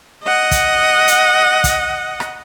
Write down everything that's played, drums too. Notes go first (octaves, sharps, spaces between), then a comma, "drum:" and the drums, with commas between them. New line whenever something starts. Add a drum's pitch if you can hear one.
D#5 F#5
drum: kick, hi-hat
drum: hi-hat
drum: kick, hi-hat
drum: rim click